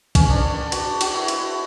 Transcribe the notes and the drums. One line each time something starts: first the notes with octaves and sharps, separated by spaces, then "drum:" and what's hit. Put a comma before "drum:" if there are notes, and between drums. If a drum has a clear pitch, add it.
C#4, drum: kick, cymbal
D4
F#4, drum: cymbal
F#4, drum: cymbal
E4
E4, drum: cymbal